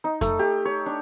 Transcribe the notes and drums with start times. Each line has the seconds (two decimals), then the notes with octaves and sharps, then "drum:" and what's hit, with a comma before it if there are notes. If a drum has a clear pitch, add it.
0.04 D#4
0.21 A3, drum: kick F2, hi-hat
0.39 G4
0.65 C#5
0.86 D4